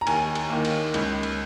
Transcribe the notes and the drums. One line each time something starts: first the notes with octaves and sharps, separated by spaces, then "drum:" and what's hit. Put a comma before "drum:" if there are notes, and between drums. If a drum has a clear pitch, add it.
A#5
D#2 G#5, drum: cymbal
drum: cymbal
D#3 A#3
drum: cymbal
C#2, drum: cymbal
drum: cymbal